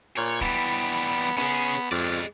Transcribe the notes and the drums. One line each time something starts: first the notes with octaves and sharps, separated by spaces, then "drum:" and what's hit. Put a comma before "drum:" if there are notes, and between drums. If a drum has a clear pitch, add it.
A#2 C#5
E3 G3 B3, drum: kick
B3 C#4 G#4, drum: open hi-hat
F2 G#3 D5